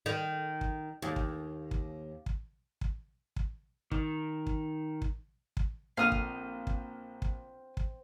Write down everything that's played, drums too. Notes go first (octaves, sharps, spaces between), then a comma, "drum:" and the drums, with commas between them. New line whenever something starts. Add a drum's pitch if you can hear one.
D#3
drum: kick
D#2
drum: kick
drum: kick
drum: kick
drum: kick
drum: kick
D#3, drum: kick
drum: kick
drum: kick
drum: kick
A#1 C4 F5 D#6 F6
drum: kick
drum: kick
drum: kick
drum: kick